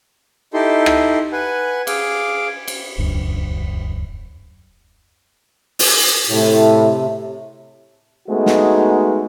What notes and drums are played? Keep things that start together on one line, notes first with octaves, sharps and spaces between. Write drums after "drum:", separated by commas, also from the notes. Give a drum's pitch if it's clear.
D#4 E4 G4 A4 C6
drum: rim click
B4 F#5 G#5
G#4 F5 D6, drum: cymbal
drum: cymbal
D#1 C#2 F#2 D4
drum: open hi-hat
A2 C3
G#3 A3 B3 D#4 F#4
drum: snare